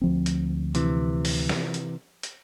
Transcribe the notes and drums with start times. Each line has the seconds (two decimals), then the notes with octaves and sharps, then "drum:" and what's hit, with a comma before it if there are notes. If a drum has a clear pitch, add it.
0.01 D2 F3 C4
0.26 drum: hi-hat
0.75 C3 E3, drum: hi-hat
1.25 drum: open hi-hat
1.49 drum: snare
1.74 drum: hi-hat
2.23 drum: hi-hat